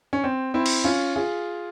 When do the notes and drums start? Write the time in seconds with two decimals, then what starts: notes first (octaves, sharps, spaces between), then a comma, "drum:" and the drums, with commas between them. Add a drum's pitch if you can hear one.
0.13 C#4
0.24 C4
0.54 C4 E4
0.66 drum: cymbal
0.84 C#4 F4
1.16 F4 G#4